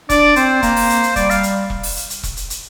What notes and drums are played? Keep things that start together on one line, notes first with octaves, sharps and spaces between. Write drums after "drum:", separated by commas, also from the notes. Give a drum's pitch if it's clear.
D4 D5, drum: kick E1, hi-hat
C4 C5, drum: hi-hat
A#3, drum: kick E1, hi-hat
drum: open hi-hat
drum: hi-hat
drum: hi-hat
G3 D5, drum: kick E1, hi-hat
F5, drum: hi-hat
drum: hi-hat
drum: kick E1
drum: open hi-hat
drum: hi-hat
drum: hi-hat
drum: kick E1, hi-hat
drum: hi-hat
drum: hi-hat